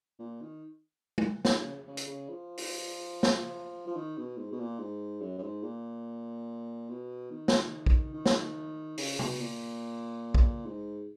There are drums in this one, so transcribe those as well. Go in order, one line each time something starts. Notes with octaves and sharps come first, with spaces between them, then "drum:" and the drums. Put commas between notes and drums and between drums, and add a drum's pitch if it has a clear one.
A#2
D#3
drum: tom G#3
D#3, drum: snare
C#3
C#3
drum: hi-hat
C#3
F3
drum: open hi-hat
drum: snare
F3
D#3
B2
G#2
B2
A#2
G#2
F#2
F#2
G#2
A#2
B2
D#3
drum: snare
drum: kick
D#3
drum: snare
C#3, drum: open hi-hat
B2, drum: tom
A#2
drum: kick
G#2